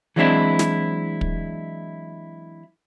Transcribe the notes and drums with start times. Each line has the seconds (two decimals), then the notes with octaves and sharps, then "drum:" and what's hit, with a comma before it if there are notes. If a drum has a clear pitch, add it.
0.16 E3 F#3 G#3 C4 D4 E4
0.59 drum: snare
1.21 drum: kick